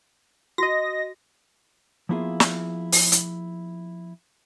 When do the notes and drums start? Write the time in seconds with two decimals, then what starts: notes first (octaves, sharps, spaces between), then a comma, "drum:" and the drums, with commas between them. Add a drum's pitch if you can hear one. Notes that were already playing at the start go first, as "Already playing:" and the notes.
0.58 F#4 D#5 A#6
2.09 F3 A#3 B3 E4 F4 G#4
2.40 drum: snare
2.92 drum: open hi-hat
3.12 drum: hi-hat